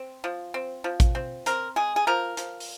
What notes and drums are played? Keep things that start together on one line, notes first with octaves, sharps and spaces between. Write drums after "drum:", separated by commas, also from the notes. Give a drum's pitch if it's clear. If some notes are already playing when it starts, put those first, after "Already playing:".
Already playing: C4
F3
C4
F3
drum: kick A1, hi-hat
C4
C4 A#4, drum: hi-hat
G#3 G#4
G#4
F3 A#4
F3, drum: hi-hat
drum: open hi-hat